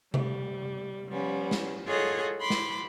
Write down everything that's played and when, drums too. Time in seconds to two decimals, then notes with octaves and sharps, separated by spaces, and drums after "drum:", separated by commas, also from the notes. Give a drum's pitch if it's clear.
0.14 G3, drum: tom C3
1.08 F3 G3 B3 C#4
1.51 drum: snare
1.87 F4 G#4 A4 C#5 D#5 F#5
2.40 B5 C6 D6
2.50 drum: snare